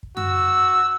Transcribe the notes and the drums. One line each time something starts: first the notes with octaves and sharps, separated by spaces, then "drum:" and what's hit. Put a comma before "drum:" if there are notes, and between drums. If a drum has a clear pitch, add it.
drum: kick
F#4 E6, drum: tom F#2